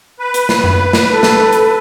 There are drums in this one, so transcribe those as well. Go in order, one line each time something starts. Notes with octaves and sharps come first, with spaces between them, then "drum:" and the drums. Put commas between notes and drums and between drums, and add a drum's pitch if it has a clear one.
B4
drum: hi-hat
drum: snare
drum: tom F#2
drum: snare
A4
drum: snare
drum: hi-hat